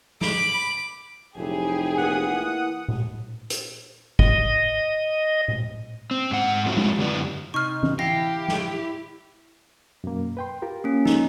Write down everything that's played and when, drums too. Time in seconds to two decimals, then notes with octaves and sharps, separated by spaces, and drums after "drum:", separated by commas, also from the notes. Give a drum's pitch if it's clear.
0.21 B5 D6, drum: snare
1.36 F1 F#3 A3 E4 G4 G#4
1.97 E2 E3 A#3 F#5 D#6
2.88 drum: tom A#2
3.50 drum: hi-hat
4.19 D#5, drum: kick
5.48 drum: tom A#2
6.11 C4
6.31 G#2 F#5
6.66 F#3 G3 A3 C4 F4 F#4
6.77 drum: tom G#3
6.99 F#2 D3 E4 G4 B4 D5
7.54 C3 D#4 C#6 F6
7.83 drum: tom E3
7.99 E4 G4 F5 A#6
8.48 drum: snare
10.04 F#2 B2 A#3
10.37 B4 G5 C6
10.62 F4 G4 A#4
10.84 A#3 C#4
11.06 D#4, drum: snare